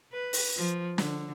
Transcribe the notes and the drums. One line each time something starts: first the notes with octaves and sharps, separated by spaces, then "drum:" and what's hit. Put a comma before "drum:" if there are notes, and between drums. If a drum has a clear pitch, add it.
B4
drum: open hi-hat
F3
D3, drum: snare